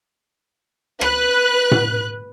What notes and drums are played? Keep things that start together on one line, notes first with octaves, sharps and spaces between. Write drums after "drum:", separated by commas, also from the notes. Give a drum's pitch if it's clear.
B4 F#6, drum: rim click
drum: tom A2